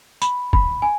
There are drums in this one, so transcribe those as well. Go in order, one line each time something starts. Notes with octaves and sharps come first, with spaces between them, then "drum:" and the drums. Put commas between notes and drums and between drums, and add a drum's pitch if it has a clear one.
B5, drum: tambourine
B5, drum: kick
G#5